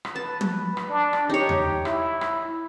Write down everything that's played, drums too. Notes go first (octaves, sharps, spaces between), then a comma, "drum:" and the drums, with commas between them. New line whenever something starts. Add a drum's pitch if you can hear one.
drum: rim click
B4 A5
drum: tom
drum: rim click
D4
drum: rim click
D#4 G4 C#5
drum: tom D#2
E4, drum: rim click
drum: rim click